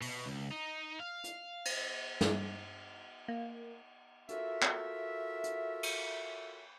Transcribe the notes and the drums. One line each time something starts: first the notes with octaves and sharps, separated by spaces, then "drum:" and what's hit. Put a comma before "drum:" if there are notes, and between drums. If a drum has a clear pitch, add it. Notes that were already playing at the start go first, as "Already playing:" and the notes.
B2, drum: open hi-hat
C#2
D#4
F5
drum: hi-hat
drum: cymbal
G2, drum: snare
A#3
F4 F#4 A4 A#4 E5, drum: hi-hat
drum: clap
drum: hi-hat
drum: cymbal